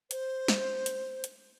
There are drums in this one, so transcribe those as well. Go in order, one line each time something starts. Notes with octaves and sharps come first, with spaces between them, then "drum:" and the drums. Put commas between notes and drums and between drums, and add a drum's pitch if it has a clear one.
C5, drum: hi-hat
drum: snare
drum: hi-hat
drum: hi-hat